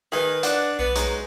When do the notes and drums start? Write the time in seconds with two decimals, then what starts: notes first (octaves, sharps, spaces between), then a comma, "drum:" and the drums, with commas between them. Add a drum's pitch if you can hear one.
0.12 D#3 G#4 B4 D#5 G#5 B5
0.43 D4 F#5, drum: hi-hat
0.79 B1 B3 B4
0.96 F#3 G#3 D#4, drum: hi-hat